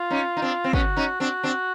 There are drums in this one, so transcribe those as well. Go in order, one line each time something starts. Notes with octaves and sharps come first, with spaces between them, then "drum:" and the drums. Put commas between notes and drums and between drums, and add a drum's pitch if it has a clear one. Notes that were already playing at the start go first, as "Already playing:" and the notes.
Already playing: F4
C#4 D#4
D#4
C4 D4
C4
B3 C#4 F#4, drum: kick
C#4 D#4
C4 D4 F#4
C4 D4